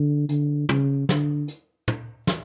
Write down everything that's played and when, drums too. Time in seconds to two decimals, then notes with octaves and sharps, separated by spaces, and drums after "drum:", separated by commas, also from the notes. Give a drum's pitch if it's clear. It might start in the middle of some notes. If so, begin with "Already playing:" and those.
Already playing: D3
0.29 D3, drum: hi-hat
0.69 C#3, drum: tom
1.09 D3, drum: snare
1.48 drum: hi-hat
1.88 drum: tom
2.27 drum: snare